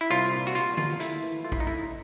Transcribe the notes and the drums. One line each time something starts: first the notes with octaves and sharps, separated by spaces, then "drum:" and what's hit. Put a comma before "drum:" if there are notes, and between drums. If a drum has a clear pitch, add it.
E4
C2 F4
A#2
F#4
G3 F4
A#3 F4, drum: tom D3
A3 E4, drum: hi-hat
E3
A3 F4
E4, drum: kick
D#4
A3 E4